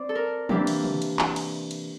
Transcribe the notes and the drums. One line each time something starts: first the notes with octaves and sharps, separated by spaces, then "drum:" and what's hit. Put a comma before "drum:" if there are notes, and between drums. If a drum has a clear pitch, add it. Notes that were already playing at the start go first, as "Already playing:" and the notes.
Already playing: C4 C5 D5
A4
A#4
C3 E3 A#3 D4 G4, drum: tom
drum: cymbal
drum: tom
drum: cymbal
drum: clap
drum: cymbal
drum: cymbal